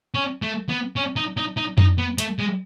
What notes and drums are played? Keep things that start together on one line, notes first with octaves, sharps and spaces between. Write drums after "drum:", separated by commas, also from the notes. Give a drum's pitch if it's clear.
C#4
A3
B3
C#4
D#4
D#4
D#4
D#4, drum: tom F2
B3
A3, drum: hi-hat
G#3